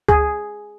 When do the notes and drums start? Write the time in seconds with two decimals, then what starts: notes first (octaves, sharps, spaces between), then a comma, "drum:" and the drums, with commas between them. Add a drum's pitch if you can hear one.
0.09 G#4, drum: kick C#2